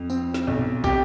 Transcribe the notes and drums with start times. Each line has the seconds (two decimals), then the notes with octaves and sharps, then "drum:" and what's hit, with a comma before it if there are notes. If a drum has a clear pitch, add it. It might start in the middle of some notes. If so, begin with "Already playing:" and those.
Already playing: F2
0.10 C4, drum: tambourine
0.34 drum: snare
0.47 B1
0.59 drum: tom A2
0.84 C3 G4, drum: kick, tambourine